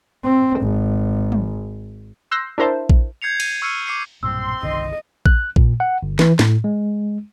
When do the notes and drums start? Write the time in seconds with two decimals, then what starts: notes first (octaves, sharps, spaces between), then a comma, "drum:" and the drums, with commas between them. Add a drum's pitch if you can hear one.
0.24 C4
0.61 G#1
1.32 drum: tom
2.31 C6 E6 F#6 G6 A#6 C7
2.58 D4 E4 A#4 C5 E5 A5
2.89 drum: kick A#1
3.22 G6 G#6 C7 C#7 F7
3.40 D#7, drum: cymbal
3.62 C#6 E6 F6 C7 C#7 D#7
3.86 D6 C7 C#7 D#7
4.23 B1 G2 A#2 C4 C6 E6
4.63 G1 C2 D#3 D#5
5.26 F#6, drum: kick A#1
5.56 A#2, drum: kick A#1
5.80 F#5
6.03 G1
6.19 E3, drum: snare
6.39 A2, drum: snare
6.64 G#3